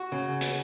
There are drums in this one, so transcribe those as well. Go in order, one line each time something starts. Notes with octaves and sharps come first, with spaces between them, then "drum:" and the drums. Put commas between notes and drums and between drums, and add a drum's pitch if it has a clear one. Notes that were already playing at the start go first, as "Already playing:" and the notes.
Already playing: F#4
C#3
drum: hi-hat